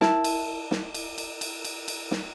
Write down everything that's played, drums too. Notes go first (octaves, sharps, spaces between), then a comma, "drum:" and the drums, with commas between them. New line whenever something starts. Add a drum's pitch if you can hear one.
E4 A#4 A5, drum: snare
drum: cymbal
drum: snare
drum: cymbal
drum: cymbal
drum: cymbal
drum: cymbal
drum: cymbal
drum: snare